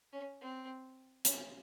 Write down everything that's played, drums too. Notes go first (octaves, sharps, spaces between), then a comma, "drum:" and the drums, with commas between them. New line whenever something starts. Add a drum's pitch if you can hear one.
C#4
C4
C#4, drum: hi-hat